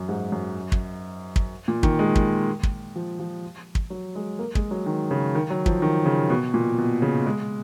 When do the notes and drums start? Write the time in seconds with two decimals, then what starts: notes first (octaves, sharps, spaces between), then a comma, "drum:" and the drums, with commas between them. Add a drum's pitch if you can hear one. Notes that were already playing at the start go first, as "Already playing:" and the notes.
Already playing: F#2
0.09 G#2
0.32 F#2
0.72 drum: kick
1.36 drum: kick
1.68 A#2
1.83 D#3, drum: kick
1.99 G#3
2.15 drum: kick
2.63 drum: kick
2.96 F3
3.20 F3
3.75 drum: kick
3.90 F#3
4.15 G#3
4.39 A#3
4.55 G#3, drum: kick
4.71 F#3
4.86 D#3
5.11 C#3
5.35 D#3
5.50 F#3
5.66 F3, drum: kick
5.82 D#3
6.06 C#3
6.30 B2
6.54 A#2
6.78 B2
7.02 C#3
7.26 G#3